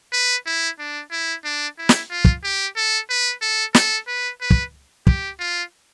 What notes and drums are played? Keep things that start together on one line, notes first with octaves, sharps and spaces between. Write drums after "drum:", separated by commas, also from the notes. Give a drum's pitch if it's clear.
B4
E4
D4
E4
D4
E4
drum: snare
F4
drum: kick
G4
A4
B4
A4
A4, drum: snare
B4
B4
drum: kick
G4, drum: kick
F4